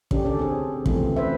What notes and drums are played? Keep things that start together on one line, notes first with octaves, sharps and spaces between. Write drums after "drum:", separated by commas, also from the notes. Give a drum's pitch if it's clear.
D3 C#4 D4 G4, drum: kick
C#4 A4 D5
C4 G#4
C#3 E3 F3 A3 B3 C4, drum: kick
B4 C5 E5